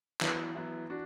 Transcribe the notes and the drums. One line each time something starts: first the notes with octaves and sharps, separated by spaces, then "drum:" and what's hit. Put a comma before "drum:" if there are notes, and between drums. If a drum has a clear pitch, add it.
E3 F#3 B3 E4, drum: clap
F#3 B3 E4
D4 F#4